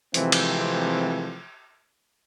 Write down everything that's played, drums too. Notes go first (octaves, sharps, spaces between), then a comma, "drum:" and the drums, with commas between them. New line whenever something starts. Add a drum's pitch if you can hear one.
C3 E3 F3 G#3 A3 C4, drum: hi-hat
drum: cymbal